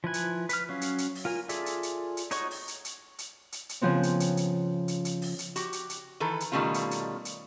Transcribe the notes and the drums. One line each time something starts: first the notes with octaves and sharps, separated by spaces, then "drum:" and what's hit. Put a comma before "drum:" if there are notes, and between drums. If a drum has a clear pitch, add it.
F3 E4 B4 G#5
drum: hi-hat
B4 F6, drum: hi-hat
F#3 C#4 F5
drum: hi-hat
drum: hi-hat
drum: open hi-hat
F4 A#4 G#5
F4 G#4 A4 D5 E5, drum: hi-hat
drum: hi-hat
drum: hi-hat
drum: hi-hat
D#4 F#4 C#5 D#5 C#6, drum: hi-hat
drum: open hi-hat
drum: hi-hat
drum: hi-hat
drum: hi-hat
drum: hi-hat
drum: hi-hat
C#3 F3 B3 C4
drum: hi-hat
drum: hi-hat
drum: hi-hat
drum: hi-hat
drum: hi-hat
drum: open hi-hat
drum: hi-hat
F#4 G4, drum: hi-hat
drum: hi-hat
drum: hi-hat
D#3 E3 A4 B4
drum: hi-hat
B2 D#3 G3 A3 C#4 F4
drum: hi-hat
drum: hi-hat
drum: hi-hat